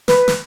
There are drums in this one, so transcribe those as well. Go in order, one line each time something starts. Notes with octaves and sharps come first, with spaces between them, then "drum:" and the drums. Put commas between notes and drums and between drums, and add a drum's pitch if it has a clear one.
B4, drum: snare
drum: snare